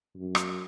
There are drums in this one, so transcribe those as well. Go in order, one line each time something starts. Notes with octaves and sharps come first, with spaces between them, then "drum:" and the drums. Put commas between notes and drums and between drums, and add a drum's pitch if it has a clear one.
F#2
drum: rim click